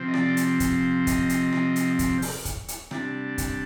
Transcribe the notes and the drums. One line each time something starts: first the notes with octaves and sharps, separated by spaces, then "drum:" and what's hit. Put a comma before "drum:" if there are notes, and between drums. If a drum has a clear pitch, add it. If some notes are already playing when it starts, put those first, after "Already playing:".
Already playing: C3 F3 C4
D#5
D5, drum: rim click
drum: hi-hat
drum: kick, hi-hat
D#5, drum: kick, hi-hat
drum: hi-hat
drum: rim click
drum: hi-hat
drum: kick, hi-hat
drum: open hi-hat
drum: kick, hi-hat
drum: hi-hat
C3 G3 D4, drum: rim click
drum: kick, hi-hat